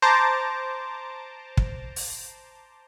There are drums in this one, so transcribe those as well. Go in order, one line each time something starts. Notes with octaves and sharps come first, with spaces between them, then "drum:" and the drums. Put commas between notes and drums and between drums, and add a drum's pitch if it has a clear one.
C5 A5 A#5 D6
drum: kick
drum: open hi-hat